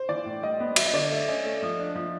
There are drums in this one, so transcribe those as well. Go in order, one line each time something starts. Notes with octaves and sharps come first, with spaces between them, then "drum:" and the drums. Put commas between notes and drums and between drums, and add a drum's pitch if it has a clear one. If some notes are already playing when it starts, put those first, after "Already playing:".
Already playing: C5
E3 D5
A2
G3 D#5
B3
F#3 E5, drum: cymbal
D#5
D3 D5
A3 E5
C#4 D#5
A3
F3
D4
F3